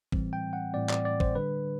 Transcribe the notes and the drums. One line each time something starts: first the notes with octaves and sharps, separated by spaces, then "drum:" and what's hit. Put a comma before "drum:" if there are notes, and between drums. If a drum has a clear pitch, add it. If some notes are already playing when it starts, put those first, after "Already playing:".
A2 E3 G3 C4, drum: kick
G5
F#5
A2 E3 G3 C4 D5
D5, drum: clap
D5
C5, drum: kick
D3 G3 D4 B4